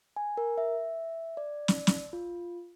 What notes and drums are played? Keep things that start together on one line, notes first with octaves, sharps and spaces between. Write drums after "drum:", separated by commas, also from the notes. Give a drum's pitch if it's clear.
G#5
A#4
E5
D5
drum: snare
drum: snare
F4